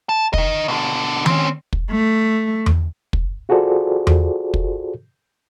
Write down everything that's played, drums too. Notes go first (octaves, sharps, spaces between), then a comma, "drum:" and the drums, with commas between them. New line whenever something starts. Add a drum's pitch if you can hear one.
A5
D#3 D#5, drum: kick
B2 D3
C4 C#4, drum: tom D#3
drum: kick
A3
drum: tom E2
drum: kick
F4 F#4 G#4 A4 C5 D5
drum: tom E2
drum: kick